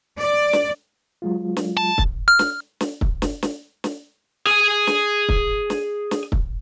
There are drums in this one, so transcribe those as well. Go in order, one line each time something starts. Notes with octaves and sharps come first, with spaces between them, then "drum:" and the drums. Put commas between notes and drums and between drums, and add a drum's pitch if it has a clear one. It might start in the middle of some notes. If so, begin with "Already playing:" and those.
D5
drum: snare
F#3 G#3 F4
drum: snare
A5
drum: kick
F6
drum: snare
drum: snare
drum: kick
drum: snare
drum: snare
drum: snare
G#4 G#5
drum: snare
drum: kick
drum: snare
drum: snare
drum: kick